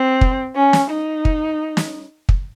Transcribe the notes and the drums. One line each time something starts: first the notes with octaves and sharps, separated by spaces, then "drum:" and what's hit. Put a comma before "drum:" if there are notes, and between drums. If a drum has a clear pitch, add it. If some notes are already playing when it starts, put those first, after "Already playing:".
Already playing: C4
drum: kick
C#4
drum: snare
D#4
drum: kick
drum: snare
drum: kick